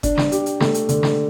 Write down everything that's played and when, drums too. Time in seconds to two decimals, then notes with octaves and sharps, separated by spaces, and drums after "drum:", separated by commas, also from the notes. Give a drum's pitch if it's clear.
0.03 D4, drum: kick F#1, hi-hat
0.18 drum: snare
0.32 G4, drum: hi-hat
0.46 drum: hi-hat
0.60 A3, drum: snare
0.74 drum: hi-hat
0.89 D3, drum: hi-hat
1.03 drum: snare